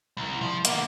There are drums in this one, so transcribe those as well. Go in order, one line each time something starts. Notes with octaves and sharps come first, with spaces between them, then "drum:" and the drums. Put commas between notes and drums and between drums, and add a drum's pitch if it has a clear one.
C2
F3
D3 A#3, drum: hi-hat